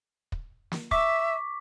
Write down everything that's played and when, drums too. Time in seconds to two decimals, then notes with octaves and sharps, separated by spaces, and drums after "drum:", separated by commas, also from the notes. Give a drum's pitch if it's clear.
0.32 drum: kick
0.72 drum: snare
0.91 E5 C#6 D6 B6, drum: kick